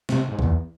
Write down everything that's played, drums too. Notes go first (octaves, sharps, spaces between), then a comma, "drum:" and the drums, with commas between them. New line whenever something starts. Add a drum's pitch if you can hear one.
C3, drum: snare
G#2
E2, drum: kick B1